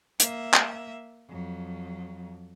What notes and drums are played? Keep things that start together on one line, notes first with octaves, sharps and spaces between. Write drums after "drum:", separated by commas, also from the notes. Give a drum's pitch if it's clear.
A#3 E5, drum: hi-hat
drum: clap
F2 F#3